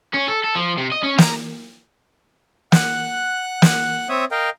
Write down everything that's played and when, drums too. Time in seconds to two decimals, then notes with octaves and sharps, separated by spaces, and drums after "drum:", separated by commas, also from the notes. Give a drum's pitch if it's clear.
0.14 C#4
0.28 A4
0.44 A4
0.56 F3
0.78 C3
0.92 D#5
1.04 C#4
1.18 A#5, drum: snare
2.72 F#5 F#6, drum: snare
3.62 drum: snare
4.09 C4 C#5 E5 D#6
4.31 A#4 D#5 F5 G5